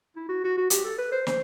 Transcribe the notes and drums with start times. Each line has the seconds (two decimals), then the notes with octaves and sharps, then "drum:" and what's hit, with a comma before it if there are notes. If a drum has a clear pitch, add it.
0.16 E4
0.29 F#4
0.44 F#4
0.57 F#4
0.70 G4, drum: hi-hat
0.84 A4
0.98 B4
1.12 C5
1.27 C5, drum: snare